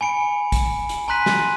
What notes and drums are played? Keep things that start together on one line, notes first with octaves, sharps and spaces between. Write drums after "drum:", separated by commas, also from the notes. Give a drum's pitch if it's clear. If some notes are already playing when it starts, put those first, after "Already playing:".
G#5 B5 C#7 D7
drum: kick, hi-hat
drum: hi-hat
G#5 A#5 C6 F#6 B6 D#7
drum: snare